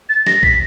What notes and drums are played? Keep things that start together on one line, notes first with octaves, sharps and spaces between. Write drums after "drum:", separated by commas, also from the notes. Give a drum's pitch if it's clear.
A6
A#6, drum: snare
B6, drum: kick A#1